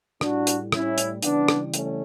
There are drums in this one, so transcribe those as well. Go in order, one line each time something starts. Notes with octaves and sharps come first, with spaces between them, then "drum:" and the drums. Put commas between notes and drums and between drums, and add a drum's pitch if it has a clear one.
A2 G3 D4 F#4, drum: rim click
drum: hi-hat
C#4 E4, drum: rim click
drum: hi-hat
C#3 E3 G3 B3 D4, drum: hi-hat
drum: rim click
A3 C#4, drum: hi-hat